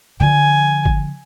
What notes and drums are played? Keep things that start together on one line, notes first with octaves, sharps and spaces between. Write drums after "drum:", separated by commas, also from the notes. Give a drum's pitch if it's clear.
D3 F3 G#5
drum: kick